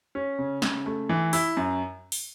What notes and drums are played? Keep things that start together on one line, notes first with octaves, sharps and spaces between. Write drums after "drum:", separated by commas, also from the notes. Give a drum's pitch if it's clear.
C#4
C#3
C#3, drum: snare
A3
E3
E4, drum: open hi-hat
F#2
drum: open hi-hat